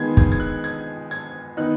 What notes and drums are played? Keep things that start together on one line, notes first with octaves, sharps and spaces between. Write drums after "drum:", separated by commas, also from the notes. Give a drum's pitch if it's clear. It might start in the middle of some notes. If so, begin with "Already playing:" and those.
Already playing: D#3 G#3 B3 D#4 G#6
G#6, drum: kick
G#6
F#6
G#6
G#6
D#3 B3 D#4 F#6